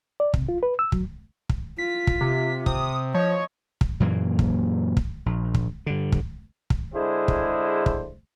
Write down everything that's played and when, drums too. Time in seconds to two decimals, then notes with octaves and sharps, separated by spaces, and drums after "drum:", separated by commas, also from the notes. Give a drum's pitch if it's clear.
0.20 D5
0.34 C3, drum: kick
0.49 F4
0.63 B4
0.79 E6
0.92 F#3, drum: kick
1.49 drum: kick
1.78 F4 B6
2.07 drum: kick
2.21 C3
2.66 C3 D#6, drum: kick
3.15 F3 C#5 D#5
3.81 drum: kick
4.00 F#2 A#2 E3 A#3
4.39 drum: kick
4.97 drum: kick
5.26 A#1
5.55 drum: kick
5.86 G2 D3
6.12 drum: kick
6.70 drum: kick
6.95 D3 G#3 E4 G#4 C5
7.28 drum: kick
7.86 drum: kick